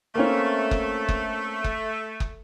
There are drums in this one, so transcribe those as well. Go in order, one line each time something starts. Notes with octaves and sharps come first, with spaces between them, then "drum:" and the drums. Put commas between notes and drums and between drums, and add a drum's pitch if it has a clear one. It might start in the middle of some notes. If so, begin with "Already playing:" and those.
A3 A#3 C4 C#4
drum: kick F#1
drum: kick F#1
drum: kick F#1
drum: kick F#1